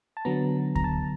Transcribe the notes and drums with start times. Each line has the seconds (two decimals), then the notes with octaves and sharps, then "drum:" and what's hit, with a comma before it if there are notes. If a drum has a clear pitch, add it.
0.17 A5
0.25 D3 F#3 B3 A#5
0.75 A#5, drum: kick D2
0.84 A5